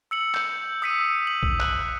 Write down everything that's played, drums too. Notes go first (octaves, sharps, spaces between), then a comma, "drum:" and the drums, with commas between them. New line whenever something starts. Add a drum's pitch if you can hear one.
E6 C#7 F#7
G6, drum: clap
D#6 E6 B6 C#7 D#7
F#7
drum: kick
F#6 F#7, drum: clap